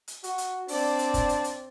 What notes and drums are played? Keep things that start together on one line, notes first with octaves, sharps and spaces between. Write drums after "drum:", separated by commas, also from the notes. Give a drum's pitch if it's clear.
drum: hi-hat
F#4, drum: hi-hat
drum: hi-hat
C4 D4 D5, drum: open hi-hat
drum: hi-hat
drum: kick, hi-hat
drum: hi-hat
drum: hi-hat